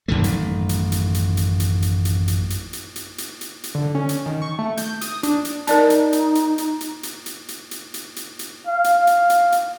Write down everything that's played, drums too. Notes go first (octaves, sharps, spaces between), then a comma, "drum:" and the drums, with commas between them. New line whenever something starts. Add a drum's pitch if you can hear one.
A1 F#2 D#3 A3
drum: hi-hat
drum: hi-hat
drum: hi-hat
drum: hi-hat
drum: hi-hat
drum: hi-hat
drum: hi-hat
drum: hi-hat
drum: hi-hat
drum: hi-hat
drum: hi-hat
drum: hi-hat
drum: hi-hat
drum: hi-hat
drum: hi-hat
D3
C#4
drum: hi-hat
D#3
C#6
A3
G6, drum: hi-hat
D#6, drum: hi-hat
D4, drum: hi-hat
drum: hi-hat
D#4 A#4 D5 A5, drum: hi-hat
drum: hi-hat
drum: hi-hat
drum: hi-hat
drum: hi-hat
drum: hi-hat
drum: hi-hat
drum: hi-hat
drum: hi-hat
drum: hi-hat
drum: hi-hat
drum: hi-hat
drum: hi-hat
F5
drum: hi-hat
drum: hi-hat
drum: hi-hat
drum: hi-hat